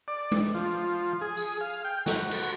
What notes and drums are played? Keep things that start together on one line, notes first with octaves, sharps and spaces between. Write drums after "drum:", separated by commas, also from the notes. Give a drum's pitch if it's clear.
D5
drum: tom G#3
F3
G#4
drum: tambourine
F5
G5
F#4, drum: snare
drum: cymbal